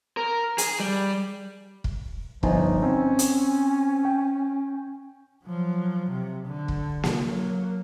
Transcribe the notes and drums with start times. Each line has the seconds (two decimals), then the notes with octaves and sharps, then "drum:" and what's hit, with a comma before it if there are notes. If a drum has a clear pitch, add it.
0.17 A#4
0.58 G#4, drum: hi-hat
0.80 G3
1.84 drum: kick
2.43 G1 F3 D#4 G#5, drum: kick
2.83 C4 C#4
3.19 drum: hi-hat
4.05 G5
5.44 F3 F#3
6.10 C3
6.47 D3
6.68 drum: kick
7.03 drum: snare A#3
7.19 F#3 A#3